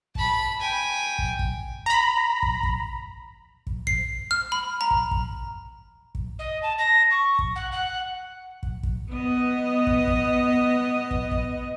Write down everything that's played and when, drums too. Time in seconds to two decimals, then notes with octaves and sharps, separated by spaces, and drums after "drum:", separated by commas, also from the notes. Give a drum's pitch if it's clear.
0.15 A5 B5, drum: kick
0.60 G5 G#5
1.19 drum: kick
1.39 drum: kick
1.86 A#5 B5
2.43 drum: kick
2.63 drum: kick
3.67 drum: kick
3.87 C7, drum: kick
4.31 F6
4.52 B5
4.81 A#5
4.91 drum: kick
5.11 drum: kick
6.15 drum: kick
6.39 D#5
6.62 A5
6.78 A#6
7.10 C#6
7.39 drum: kick
7.55 F#5
7.72 F#5
8.63 drum: kick
8.83 drum: kick
9.11 B3 D#5
9.87 drum: kick
10.07 drum: kick
11.11 drum: kick
11.31 drum: kick